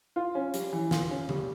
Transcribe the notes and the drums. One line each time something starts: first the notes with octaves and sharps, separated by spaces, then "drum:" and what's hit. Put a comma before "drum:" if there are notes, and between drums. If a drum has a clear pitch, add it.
F4
C#4
G3, drum: hi-hat
E3
F4, drum: snare
C#4
G3, drum: tom C#3